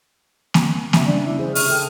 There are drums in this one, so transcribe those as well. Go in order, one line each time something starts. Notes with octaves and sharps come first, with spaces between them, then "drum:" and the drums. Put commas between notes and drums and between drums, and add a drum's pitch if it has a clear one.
drum: snare A#3
C#3 E5, drum: snare A#3
G3 D4
E4
G#4 C5
C3 C#6 F6, drum: open hi-hat
A4 G5